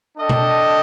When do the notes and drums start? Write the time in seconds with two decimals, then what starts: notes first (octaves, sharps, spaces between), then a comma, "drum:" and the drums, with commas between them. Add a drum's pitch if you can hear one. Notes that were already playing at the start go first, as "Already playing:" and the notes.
0.17 D4 A4 D#5 G5
0.29 drum: tom B2